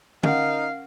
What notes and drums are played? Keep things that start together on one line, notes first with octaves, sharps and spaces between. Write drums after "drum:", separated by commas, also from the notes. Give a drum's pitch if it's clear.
C#4 D#4 A#4 F5 F#5, drum: tom